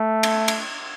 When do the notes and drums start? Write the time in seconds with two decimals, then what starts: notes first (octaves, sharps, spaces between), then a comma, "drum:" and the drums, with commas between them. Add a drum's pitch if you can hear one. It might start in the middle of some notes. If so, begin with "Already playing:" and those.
Already playing: A3
0.23 drum: cymbal
0.48 drum: cymbal